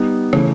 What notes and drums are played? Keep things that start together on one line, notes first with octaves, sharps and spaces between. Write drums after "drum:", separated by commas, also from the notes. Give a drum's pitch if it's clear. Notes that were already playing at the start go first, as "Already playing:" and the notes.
Already playing: G3 B3 D#4
C#3 E3 A3, drum: rim click